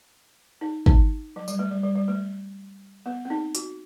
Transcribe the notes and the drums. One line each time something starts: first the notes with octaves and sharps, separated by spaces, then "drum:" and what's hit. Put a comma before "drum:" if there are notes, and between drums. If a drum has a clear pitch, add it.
D#4
D#4, drum: kick
F#3
G3, drum: tambourine
A3
G3
G3
G3
A3
B3
C4
D#4
F#4, drum: hi-hat